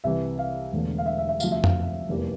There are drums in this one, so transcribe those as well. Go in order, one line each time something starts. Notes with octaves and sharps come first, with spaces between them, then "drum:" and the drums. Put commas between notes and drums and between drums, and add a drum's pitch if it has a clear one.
C2 C3 E3 E5
F5
E1 E2 D3 A3
F5
E5
E5
E5
D2 C3 F3 F5, drum: tambourine
E5
F5, drum: tom F2
F1 E2 E3 G3 A#3